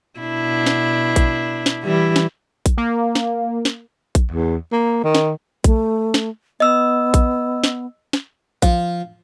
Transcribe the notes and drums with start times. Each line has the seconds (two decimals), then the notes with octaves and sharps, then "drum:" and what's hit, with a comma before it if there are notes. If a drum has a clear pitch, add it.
0.20 B2 D4 E4
0.66 drum: snare
1.16 drum: kick A#1, hi-hat
1.66 drum: snare
1.82 E3 G3 E4
2.16 drum: snare
2.66 drum: kick A#1, hi-hat
2.78 A#3
3.15 drum: snare
3.65 drum: snare
4.15 drum: kick A#1, hi-hat
4.31 E2
4.72 A#3
5.04 D#3
5.15 drum: snare
5.64 A3, drum: kick A#1, hi-hat
6.14 drum: snare
6.60 B3 D#5 E6
7.14 drum: kick A#1, hi-hat
7.64 drum: snare
8.13 drum: snare
8.62 F3, drum: kick A#1, hi-hat